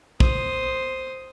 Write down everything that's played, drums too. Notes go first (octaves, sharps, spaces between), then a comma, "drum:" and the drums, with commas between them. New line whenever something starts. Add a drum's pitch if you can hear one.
C5 D#6, drum: kick